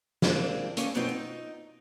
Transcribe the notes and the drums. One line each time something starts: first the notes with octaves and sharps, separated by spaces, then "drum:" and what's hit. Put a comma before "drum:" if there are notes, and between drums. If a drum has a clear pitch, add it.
C3 G#3 A#3 C4 D4, drum: snare
D#2 A#3 C#4 A4 G#5, drum: hi-hat
F#2 B2 F3 B3 C4 D#4
D#4